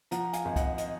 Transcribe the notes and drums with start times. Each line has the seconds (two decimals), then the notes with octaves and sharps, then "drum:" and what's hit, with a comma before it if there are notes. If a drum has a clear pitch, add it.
0.11 F3 F#5 A#5, drum: hi-hat
0.33 F5 G#5, drum: hi-hat
0.45 G#1
0.56 D#5 F#5, drum: kick, hi-hat
0.78 D#5, drum: hi-hat